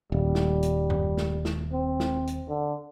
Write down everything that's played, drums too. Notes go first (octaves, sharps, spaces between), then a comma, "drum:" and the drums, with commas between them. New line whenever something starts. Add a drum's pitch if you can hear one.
D#1 G3
drum: snare
drum: hi-hat
drum: tom F#2
drum: snare
drum: snare
C4
drum: snare
drum: hi-hat
D3